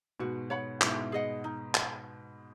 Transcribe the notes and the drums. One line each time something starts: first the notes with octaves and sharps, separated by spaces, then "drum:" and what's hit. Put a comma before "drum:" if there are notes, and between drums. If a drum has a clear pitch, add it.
G#2 B2 F#4
C#5 F#5 B5
G#2 B2 E4, drum: clap
G#4 D#5 F#5
D#4
drum: clap